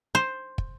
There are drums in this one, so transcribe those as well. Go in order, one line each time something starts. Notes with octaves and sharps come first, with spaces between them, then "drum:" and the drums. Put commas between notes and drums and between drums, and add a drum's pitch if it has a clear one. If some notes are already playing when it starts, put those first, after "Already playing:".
C5
drum: kick